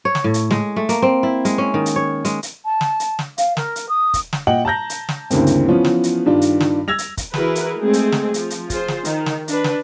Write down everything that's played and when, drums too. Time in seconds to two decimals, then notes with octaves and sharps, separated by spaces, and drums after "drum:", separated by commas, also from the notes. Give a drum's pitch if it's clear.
0.05 C#5
0.15 drum: snare
0.24 A2
0.34 drum: hi-hat
0.51 G#3, drum: snare
0.76 A3
0.89 A#3, drum: hi-hat
1.02 C4
1.23 E4
1.45 G#3, drum: hi-hat
1.58 C#4
1.74 D#3
1.86 drum: hi-hat
1.96 C#5
2.25 G#3, drum: hi-hat
2.43 drum: hi-hat
2.65 A5
2.81 drum: snare
3.00 drum: hi-hat
3.19 drum: snare
3.38 F5, drum: hi-hat
3.57 A#4, drum: snare
3.76 drum: hi-hat
3.89 D#6
4.14 drum: kick, hi-hat
4.33 drum: snare
4.47 A#2 D#5 F#5 G5 F#7
4.65 A5 A#5 G6 A#6
4.90 drum: hi-hat
5.09 drum: snare
5.30 D2 G2 C#3 E3 A#3 C4, drum: hi-hat
5.47 drum: hi-hat
5.69 E3 F3 B3 C#4 F4
5.85 drum: snare
6.03 drum: hi-hat
6.26 G2 D#3 D4 F4
6.41 drum: hi-hat
6.60 drum: snare
6.88 E6 G#6 A#6 F7
6.98 drum: hi-hat
7.17 drum: kick, hi-hat
7.34 E3 E4 F#4 G#4 A#4 B4, drum: snare
7.55 drum: hi-hat
7.78 G#3 A3 C4 G#4
7.93 drum: hi-hat
8.12 drum: snare
8.34 F3, drum: hi-hat
8.50 drum: hi-hat
8.70 F4 G#4 C5, drum: kick, hi-hat
8.88 drum: snare
9.05 D#3, drum: hi-hat
9.26 drum: snare
9.48 D4 B4, drum: hi-hat
9.64 drum: snare